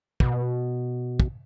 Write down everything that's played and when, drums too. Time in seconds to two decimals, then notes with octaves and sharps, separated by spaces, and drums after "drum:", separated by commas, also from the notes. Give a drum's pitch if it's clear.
0.20 B2, drum: kick
1.20 drum: kick